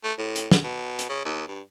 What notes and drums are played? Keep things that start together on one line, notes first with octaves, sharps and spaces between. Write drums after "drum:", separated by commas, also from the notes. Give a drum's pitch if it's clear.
A3
A2
drum: hi-hat
drum: snare
B2
drum: hi-hat
C#3
D#2
G2